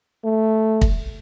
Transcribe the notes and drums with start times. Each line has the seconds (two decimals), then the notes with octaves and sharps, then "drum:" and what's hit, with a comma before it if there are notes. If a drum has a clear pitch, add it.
0.25 A3
0.81 drum: kick